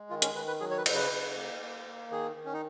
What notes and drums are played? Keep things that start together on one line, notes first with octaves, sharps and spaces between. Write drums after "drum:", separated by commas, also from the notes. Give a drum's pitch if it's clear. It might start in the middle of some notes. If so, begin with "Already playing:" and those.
Already playing: G#3
D#3 F4
C#4, drum: hi-hat
D#3 B4
B4
F#3 G#4
C#5
B4
C#3, drum: cymbal
B4
C#3
A#3
A#3
A#3
D#3 G#4
D#3
C#4
D#4